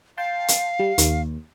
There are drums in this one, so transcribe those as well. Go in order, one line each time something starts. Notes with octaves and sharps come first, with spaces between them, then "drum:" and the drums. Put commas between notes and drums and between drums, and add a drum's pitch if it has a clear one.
F5 G5 A5 C6
drum: hi-hat
G3
D#2, drum: hi-hat